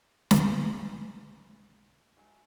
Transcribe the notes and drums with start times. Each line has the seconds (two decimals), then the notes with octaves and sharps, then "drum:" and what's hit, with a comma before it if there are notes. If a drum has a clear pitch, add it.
0.31 drum: snare
0.70 B1 F#2 G#4 D5 G5
2.17 F#3 G#3 A3